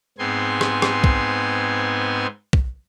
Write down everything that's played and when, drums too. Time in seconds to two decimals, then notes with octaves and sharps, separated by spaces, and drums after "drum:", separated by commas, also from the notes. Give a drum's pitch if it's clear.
0.18 G#2 B3 C4 G#5 C6
0.61 drum: rim click
0.82 drum: rim click
1.04 drum: kick
2.53 drum: kick